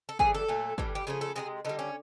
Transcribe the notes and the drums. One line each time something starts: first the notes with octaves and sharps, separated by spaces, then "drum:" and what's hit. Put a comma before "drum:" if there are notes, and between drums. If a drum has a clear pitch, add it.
A4
A2 E3 G3 G#4, drum: kick
A4
A#2 F#3 A3
A2 E3 G3, drum: kick
G4
C#3 F3 A3 G#4
A4
C3 D#3 G#3 G#4
D3 G3 D#4
C#4